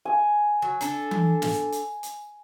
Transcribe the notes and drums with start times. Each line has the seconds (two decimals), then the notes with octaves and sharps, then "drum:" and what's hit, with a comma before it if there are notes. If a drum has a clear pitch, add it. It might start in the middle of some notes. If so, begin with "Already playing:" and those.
0.05 G#5
0.62 F#3
0.81 D4 A4, drum: hi-hat
1.11 drum: tom E3
1.42 drum: snare
1.72 drum: hi-hat
2.03 drum: hi-hat